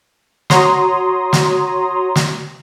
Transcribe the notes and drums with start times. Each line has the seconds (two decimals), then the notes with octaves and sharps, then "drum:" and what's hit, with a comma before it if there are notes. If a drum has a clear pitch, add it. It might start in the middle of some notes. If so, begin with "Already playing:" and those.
0.50 F#4 C#5 A#5 C6 D#6, drum: snare
1.33 drum: snare
2.16 drum: snare